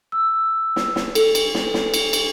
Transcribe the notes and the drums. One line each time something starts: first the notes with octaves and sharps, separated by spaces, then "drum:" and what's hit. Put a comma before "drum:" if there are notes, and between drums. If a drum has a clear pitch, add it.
E6
drum: snare
drum: snare
A4, drum: cymbal
drum: cymbal
drum: snare
drum: snare
drum: cymbal
drum: cymbal